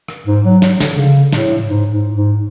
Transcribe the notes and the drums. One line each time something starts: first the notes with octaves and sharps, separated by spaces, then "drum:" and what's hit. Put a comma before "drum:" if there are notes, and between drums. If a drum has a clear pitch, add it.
drum: rim click
G#2
F#3
drum: snare
D3, drum: snare
C#3
A2, drum: snare
G#2
G#2
G#2